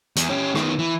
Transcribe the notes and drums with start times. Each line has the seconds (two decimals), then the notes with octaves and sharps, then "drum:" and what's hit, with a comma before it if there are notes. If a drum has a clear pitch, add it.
0.16 E2, drum: hi-hat
0.30 C#4 G4
0.55 D#3 B3, drum: rim click
0.79 E3